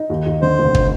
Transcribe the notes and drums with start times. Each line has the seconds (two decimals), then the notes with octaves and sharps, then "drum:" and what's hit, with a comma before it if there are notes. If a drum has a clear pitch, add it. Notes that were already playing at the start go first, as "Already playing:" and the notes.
Already playing: D#4
0.10 D#2
0.26 D#2
0.42 D3 C5
0.59 F1
0.75 drum: kick